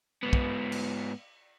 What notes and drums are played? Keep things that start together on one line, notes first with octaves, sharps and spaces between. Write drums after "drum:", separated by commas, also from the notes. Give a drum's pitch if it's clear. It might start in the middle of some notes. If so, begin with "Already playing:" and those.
G#2 B3
drum: kick
drum: cymbal